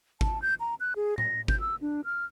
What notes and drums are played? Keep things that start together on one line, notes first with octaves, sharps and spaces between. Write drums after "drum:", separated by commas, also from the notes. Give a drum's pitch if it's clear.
A5, drum: kick G#1
G6
A#5
F#6
G#4
A#6, drum: tom A2
G6, drum: kick G#1
E6
D4
F6